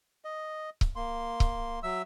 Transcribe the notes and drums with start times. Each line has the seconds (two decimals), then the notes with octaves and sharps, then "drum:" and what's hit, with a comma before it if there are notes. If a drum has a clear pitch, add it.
0.25 D#5
0.81 drum: kick C#1
0.96 A#3 C6
1.40 drum: kick C#1
1.83 F#3 E5 E6